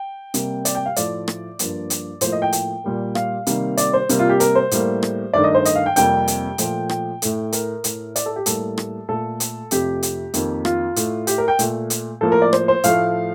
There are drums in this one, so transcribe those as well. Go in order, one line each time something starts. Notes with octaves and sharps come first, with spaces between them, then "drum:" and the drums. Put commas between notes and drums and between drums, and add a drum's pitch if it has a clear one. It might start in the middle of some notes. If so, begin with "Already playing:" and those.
Already playing: G5
C3 G3 A#3, drum: hi-hat
D5, drum: hi-hat
G5
F5
A2 F3 A3 D5, drum: hi-hat
drum: rim click
G2 F3 A#3, drum: hi-hat
drum: hi-hat
A2 F3 A#3 C5, drum: hi-hat
D#5
G5
G5, drum: hi-hat
A#2 G3 A#3
F5, drum: rim click
C3 D#3 G3 A#3, drum: hi-hat
D5, drum: hi-hat
C5
C3 G3 A#3, drum: hi-hat
F4
G4
A#4, drum: hi-hat
C5
A2 G3 A#3, drum: hi-hat
drum: rim click
G2 D#3 A3 D5
D#5
C5
D#5, drum: hi-hat
F5
G5
F2 C3 G3 A#3 G5, drum: hi-hat
drum: hi-hat
A#2 F3 A3, drum: hi-hat
G5, drum: rim click
A2 A3, drum: hi-hat
A#4, drum: hi-hat
A2 A3, drum: hi-hat
D5, drum: hi-hat
A4
G4
A2 G3 A#3 A4, drum: hi-hat
drum: rim click
A#2 A3 A4
drum: hi-hat
F2 C3 F3 A3 G4, drum: hi-hat
drum: hi-hat
F2 D#3 A#3, drum: hi-hat
F4, drum: rim click
A2 A3, drum: hi-hat
G4, drum: hi-hat
A#4
G5
A#2 A3, drum: hi-hat
drum: hi-hat
A2 F3 A#3 A4
A#4
D5
C5, drum: rim click
C5
A2 F3 A3 F5, drum: hi-hat